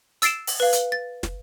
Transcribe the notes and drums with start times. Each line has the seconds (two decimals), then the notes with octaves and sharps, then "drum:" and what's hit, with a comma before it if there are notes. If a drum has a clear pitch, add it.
0.22 E6 A6 C7 D7 E7, drum: hi-hat
0.47 drum: open hi-hat
0.60 B4 F5
0.73 drum: hi-hat
0.92 A6
1.23 drum: snare